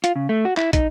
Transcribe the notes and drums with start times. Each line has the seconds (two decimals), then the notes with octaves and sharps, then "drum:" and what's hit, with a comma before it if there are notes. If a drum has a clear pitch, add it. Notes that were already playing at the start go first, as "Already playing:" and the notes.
0.04 F4, drum: hi-hat
0.16 C#3
0.29 A3
0.45 F#4
0.57 E4, drum: clap
0.73 D#4, drum: kick, hi-hat